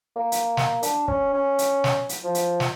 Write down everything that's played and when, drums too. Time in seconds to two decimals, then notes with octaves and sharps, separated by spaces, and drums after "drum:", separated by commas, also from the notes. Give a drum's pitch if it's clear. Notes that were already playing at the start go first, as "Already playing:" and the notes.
0.16 A#3
0.32 drum: hi-hat
0.57 drum: snare
0.83 D4, drum: hi-hat
1.08 C#4, drum: kick
1.33 C#4
1.59 drum: hi-hat
1.84 drum: snare
2.09 drum: hi-hat
2.24 F3
2.35 drum: hi-hat
2.60 drum: snare